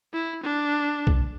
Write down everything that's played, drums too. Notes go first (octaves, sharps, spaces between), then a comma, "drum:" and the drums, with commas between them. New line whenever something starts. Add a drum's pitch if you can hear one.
E4
D4
drum: kick B1